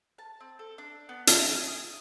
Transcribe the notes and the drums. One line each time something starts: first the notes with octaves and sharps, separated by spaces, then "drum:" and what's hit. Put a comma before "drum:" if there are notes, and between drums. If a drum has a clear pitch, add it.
A5
C4
A4
D4
B3
E4, drum: hi-hat
G#5
D#6